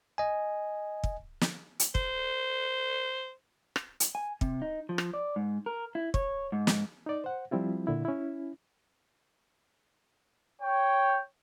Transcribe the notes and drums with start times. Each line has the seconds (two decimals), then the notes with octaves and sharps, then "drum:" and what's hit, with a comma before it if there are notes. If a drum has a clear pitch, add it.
0.18 D#5 G#5
1.04 drum: kick
1.41 drum: snare
1.79 drum: hi-hat
1.95 C5, drum: kick
3.76 drum: rim click
4.00 drum: hi-hat
4.15 G#5
4.41 C3, drum: kick
4.62 D#4
4.89 F3
4.98 drum: rim click
5.14 D5
5.36 G#2
5.66 A#4
5.95 E4
6.14 C#5, drum: kick
6.52 G#2
6.67 drum: snare
7.06 D#4 D5
7.24 C5 F#5
7.51 F3 G3 C4 E4 F4
7.87 A#2 D3 E4
8.05 C#4 E4
10.62 C#5 G5